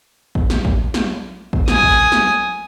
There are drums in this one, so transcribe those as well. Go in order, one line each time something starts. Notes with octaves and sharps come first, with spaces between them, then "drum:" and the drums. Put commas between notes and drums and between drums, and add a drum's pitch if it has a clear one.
drum: kick A1
drum: snare
drum: kick A1
drum: snare
drum: kick A1
G#5 D#6, drum: snare
drum: kick A1
drum: snare